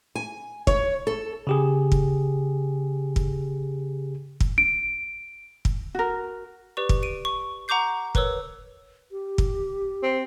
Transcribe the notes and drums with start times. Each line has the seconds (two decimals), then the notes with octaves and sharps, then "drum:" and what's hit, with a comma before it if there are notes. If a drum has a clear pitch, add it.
0.16 G#5
0.67 C#5, drum: kick
1.07 A4
1.47 C#3 G4 G#4
1.92 drum: kick
3.16 drum: kick
4.40 drum: kick
4.58 D7
5.65 drum: kick
5.95 F#4 A#4
6.77 G4 B4 D5 C#6
6.89 drum: kick
7.03 D7 D#7
7.25 C#6
7.68 F#5 A#5 C#6 D6 G6 C7
8.15 A#4 B4 C#5 E6, drum: kick
9.11 G4
9.38 drum: kick
10.03 C4